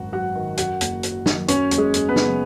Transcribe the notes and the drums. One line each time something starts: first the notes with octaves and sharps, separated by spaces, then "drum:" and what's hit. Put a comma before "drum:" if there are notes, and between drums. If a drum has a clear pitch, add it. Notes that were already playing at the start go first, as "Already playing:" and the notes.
Already playing: G#1 F#2 F#4
F#3 F#4 F#5
D#3
F#2 F#4 F#5, drum: hi-hat
F#1, drum: hi-hat
F#3, drum: hi-hat
D#3, drum: snare
F#2 C#4 C#5, drum: hi-hat
F#1, drum: hi-hat
G#3 G#4
F#1, drum: hi-hat
B3 B4
C#3, drum: snare